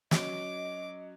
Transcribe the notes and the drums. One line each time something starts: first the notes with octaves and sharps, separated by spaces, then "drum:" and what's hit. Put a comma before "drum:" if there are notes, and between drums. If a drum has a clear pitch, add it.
F#3 C#4 D#5 D6, drum: snare